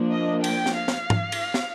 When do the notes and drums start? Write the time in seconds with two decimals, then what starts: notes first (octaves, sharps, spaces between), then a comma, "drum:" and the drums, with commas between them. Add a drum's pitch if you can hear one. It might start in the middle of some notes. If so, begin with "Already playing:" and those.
Already playing: F3 A#3 D4
0.11 D#5
0.44 G5, drum: cymbal
0.66 drum: snare
0.77 F5
0.88 drum: snare
1.10 drum: tom G#2
1.32 drum: cymbal
1.54 drum: snare